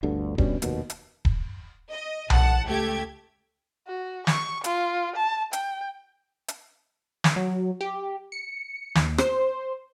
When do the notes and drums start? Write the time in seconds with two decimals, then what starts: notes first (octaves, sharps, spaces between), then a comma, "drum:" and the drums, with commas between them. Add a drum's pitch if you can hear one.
0.03 G1 D2 G2 D3
0.38 B2 G3 C#4 D4, drum: kick D#1
0.62 F1 D#2 B2, drum: hi-hat
0.90 drum: hi-hat
1.25 drum: kick D#1
1.90 D#5
2.30 A1 F#5 A5, drum: tom B1
2.66 C#2 A3 G4 G#6
3.87 F#4
4.27 C#6, drum: snare
4.64 F4, drum: hi-hat
5.16 A5
5.53 G5, drum: hi-hat
6.48 drum: hi-hat
7.24 drum: snare
7.36 F#3
7.81 G4
8.32 C#7
8.95 D#2, drum: snare
9.18 C5, drum: rim click